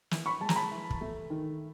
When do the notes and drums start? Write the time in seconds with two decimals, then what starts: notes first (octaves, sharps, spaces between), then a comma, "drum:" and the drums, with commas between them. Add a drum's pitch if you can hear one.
0.11 E3, drum: snare
0.26 B5 C#6
0.41 G#3 A5
0.49 A#5, drum: snare
0.56 A5 B5
0.71 E3
0.90 drum: kick
1.01 A3
1.30 D#3